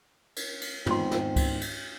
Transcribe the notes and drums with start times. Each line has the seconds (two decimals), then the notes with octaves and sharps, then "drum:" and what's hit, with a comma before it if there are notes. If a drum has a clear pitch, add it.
0.36 drum: cymbal
0.61 drum: cymbal
0.86 E2 G#2 D#3 C4 F4 C6, drum: tom
1.11 drum: snare
1.36 drum: kick C#2, cymbal
1.61 drum: cymbal